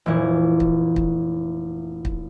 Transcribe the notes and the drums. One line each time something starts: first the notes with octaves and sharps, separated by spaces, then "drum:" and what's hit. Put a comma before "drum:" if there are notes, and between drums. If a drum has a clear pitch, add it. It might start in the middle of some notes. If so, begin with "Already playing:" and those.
F1 A#2 E3 E4
drum: kick
drum: kick
drum: kick